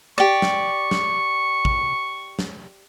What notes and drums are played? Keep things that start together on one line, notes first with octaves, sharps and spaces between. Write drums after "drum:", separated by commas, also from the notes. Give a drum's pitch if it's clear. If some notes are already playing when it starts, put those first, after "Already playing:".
G4 D5 C#6
drum: snare
drum: snare
drum: kick
drum: snare